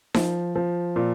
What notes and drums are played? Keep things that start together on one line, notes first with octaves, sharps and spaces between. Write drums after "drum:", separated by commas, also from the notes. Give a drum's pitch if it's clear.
F3, drum: snare D#4
F3
A#2